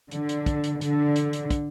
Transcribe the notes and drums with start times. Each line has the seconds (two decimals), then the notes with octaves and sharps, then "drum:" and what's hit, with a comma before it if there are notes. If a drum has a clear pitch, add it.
0.11 D3, drum: hi-hat
0.29 drum: hi-hat
0.46 drum: kick, hi-hat
0.64 drum: hi-hat
0.81 D3, drum: hi-hat
1.16 drum: hi-hat
1.33 drum: hi-hat
1.50 drum: kick, hi-hat